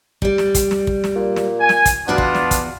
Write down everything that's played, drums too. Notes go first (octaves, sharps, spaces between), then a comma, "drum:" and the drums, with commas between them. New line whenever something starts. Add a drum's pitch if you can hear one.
G3 D5, drum: kick
drum: snare
drum: kick, hi-hat
drum: snare
drum: kick
drum: snare
A#2
drum: snare
G#5
drum: snare
drum: kick, hi-hat
E2 B3 D4 F4 F#4 D5
drum: kick
drum: snare
drum: kick, hi-hat